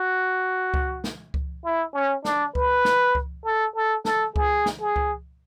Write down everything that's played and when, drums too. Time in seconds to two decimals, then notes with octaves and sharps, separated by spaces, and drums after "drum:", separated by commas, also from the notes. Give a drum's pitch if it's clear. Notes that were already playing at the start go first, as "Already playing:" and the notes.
Already playing: F#4
0.74 drum: kick C#2
1.04 drum: snare
1.34 drum: kick C#2
1.64 E4
1.94 C#4
2.25 D4, drum: snare
2.55 B4, drum: kick C#2
2.85 drum: snare
3.15 drum: kick C#2
3.45 A4
3.75 A4
4.05 A4, drum: snare
4.36 G#4, drum: kick C#2
4.66 drum: snare
4.81 G#4
4.96 drum: kick C#2